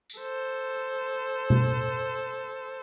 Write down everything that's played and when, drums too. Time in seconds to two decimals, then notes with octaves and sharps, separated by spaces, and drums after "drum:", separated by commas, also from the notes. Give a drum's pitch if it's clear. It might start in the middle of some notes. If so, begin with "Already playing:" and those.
0.10 drum: tambourine
0.19 A4 C5
1.50 drum: tom B2